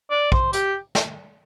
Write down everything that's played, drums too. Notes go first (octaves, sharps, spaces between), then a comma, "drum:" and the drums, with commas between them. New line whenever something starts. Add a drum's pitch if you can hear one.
D5
C5, drum: kick
G4, drum: hi-hat
drum: snare